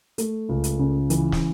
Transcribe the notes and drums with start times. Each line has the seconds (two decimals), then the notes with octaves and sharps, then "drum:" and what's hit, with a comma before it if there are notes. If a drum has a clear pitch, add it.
0.18 A3, drum: hi-hat
0.49 C#2
0.64 drum: hi-hat
0.79 C#3
1.10 E3, drum: hi-hat
1.32 drum: snare